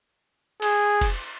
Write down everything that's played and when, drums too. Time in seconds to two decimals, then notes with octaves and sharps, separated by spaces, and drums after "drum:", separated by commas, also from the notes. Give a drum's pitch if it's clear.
0.62 G#4, drum: cymbal
1.01 drum: kick F1, cymbal